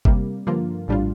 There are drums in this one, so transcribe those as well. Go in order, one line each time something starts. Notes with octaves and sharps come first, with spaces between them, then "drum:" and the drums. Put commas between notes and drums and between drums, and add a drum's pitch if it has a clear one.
C3 G3 A#3, drum: kick G1
G2 D3 F3 A#3 F4
A#1 A2 G3 D4 F4